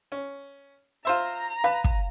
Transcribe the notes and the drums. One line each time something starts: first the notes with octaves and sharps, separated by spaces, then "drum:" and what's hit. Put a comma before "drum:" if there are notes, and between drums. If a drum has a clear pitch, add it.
C#4
F4 C5 E5 A#5
B4 F5
drum: kick